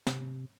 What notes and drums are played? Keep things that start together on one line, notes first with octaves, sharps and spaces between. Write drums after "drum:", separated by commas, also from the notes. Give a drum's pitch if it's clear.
C3, drum: snare